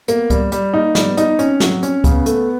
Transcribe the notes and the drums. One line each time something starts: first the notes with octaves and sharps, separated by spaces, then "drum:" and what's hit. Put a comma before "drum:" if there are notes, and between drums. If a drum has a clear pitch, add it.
A#3 B3, drum: hi-hat
G3, drum: kick C#2, hi-hat
G3, drum: hi-hat
A#3 D#4
G3, drum: snare
B3
D#4, drum: hi-hat
C4 C#4, drum: hi-hat
F#3, drum: snare
C#4, drum: hi-hat
C#3 B3, drum: kick C#2, hi-hat
A3, drum: hi-hat